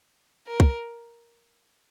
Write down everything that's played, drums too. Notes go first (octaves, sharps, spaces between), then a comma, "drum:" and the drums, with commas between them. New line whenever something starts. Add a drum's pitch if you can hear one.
A#4
drum: kick